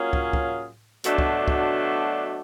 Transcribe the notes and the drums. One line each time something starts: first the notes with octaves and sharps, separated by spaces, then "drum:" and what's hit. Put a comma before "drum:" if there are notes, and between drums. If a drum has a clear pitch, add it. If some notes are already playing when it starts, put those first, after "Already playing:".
Already playing: F#3 A#3 C#4 F4 G#4
drum: kick
drum: kick
B2 F#3 A3 D4, drum: hi-hat
drum: kick
drum: kick